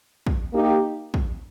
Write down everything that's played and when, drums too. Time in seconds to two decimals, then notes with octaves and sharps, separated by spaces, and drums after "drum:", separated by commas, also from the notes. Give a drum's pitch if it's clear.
0.27 drum: kick
0.52 A#3 D#4 G4
1.14 drum: kick